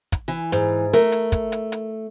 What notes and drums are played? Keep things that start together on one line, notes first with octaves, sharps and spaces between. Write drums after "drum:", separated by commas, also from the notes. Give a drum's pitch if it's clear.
drum: kick, hi-hat
E3
G#2, drum: hi-hat
A3 A#4, drum: hi-hat
drum: hi-hat
drum: kick, hi-hat
drum: hi-hat
drum: hi-hat